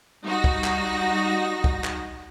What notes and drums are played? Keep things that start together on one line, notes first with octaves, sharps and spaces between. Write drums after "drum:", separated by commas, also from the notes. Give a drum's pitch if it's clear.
G3 D#4 F#4 A#6
drum: kick
drum: clap
drum: kick
drum: clap